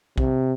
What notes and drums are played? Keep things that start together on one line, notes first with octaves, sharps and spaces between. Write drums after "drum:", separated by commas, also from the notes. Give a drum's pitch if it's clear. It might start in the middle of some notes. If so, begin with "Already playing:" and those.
C3, drum: kick B1